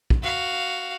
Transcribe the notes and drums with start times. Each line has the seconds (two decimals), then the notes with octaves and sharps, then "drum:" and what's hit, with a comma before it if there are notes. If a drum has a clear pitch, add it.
0.10 drum: kick
0.23 F#4 F5